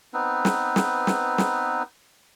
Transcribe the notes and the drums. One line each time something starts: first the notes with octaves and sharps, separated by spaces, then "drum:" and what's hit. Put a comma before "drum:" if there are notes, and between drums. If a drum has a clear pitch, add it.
B3 C4 D#4 B4
drum: snare
drum: snare
drum: snare
drum: snare